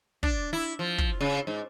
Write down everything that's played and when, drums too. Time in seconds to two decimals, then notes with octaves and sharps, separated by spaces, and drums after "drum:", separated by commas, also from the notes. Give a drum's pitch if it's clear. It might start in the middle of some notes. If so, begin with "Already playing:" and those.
0.23 D4, drum: kick
0.53 E4
0.79 F3
0.98 drum: kick
1.21 C#3
1.47 G#2